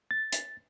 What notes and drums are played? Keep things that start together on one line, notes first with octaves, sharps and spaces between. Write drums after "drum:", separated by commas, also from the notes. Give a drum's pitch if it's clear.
A6
drum: hi-hat